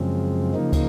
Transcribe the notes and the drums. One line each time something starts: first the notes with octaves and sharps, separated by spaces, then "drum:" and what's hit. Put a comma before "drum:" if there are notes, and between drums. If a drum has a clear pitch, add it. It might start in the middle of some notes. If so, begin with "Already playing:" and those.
Already playing: F#2 C#3 F3 G#3 C4
C#3 F3 A#3 D#4
drum: kick, cymbal